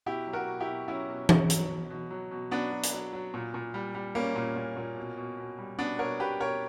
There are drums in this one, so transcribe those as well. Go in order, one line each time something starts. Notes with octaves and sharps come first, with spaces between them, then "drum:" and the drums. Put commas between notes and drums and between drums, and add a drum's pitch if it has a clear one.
B2 E4 G4
F#3
F#4 A#4
B2
E4 G4
B2
F#3 C#4 E4
B2
B2, drum: tom E3
F#3, drum: hi-hat
B2
B2
F#3
B2
F#3 B3 D4
F#3
drum: hi-hat
F#3
F#3
A#2
A#2
G3
G3
G3 A#3 C#4
A#2
A#2
A#2
B2
B2
B2
G3
B2 B3 D4
B2 A#4 C#5
B2 G4 B4
B2 A#4 C#5